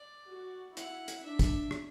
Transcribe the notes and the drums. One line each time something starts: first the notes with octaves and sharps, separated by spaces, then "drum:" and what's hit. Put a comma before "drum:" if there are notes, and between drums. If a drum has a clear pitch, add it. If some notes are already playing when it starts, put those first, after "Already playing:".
Already playing: D5
F#4
E4 F#5, drum: hi-hat
drum: hi-hat
D4 E5
drum: kick, hi-hat
drum: rim click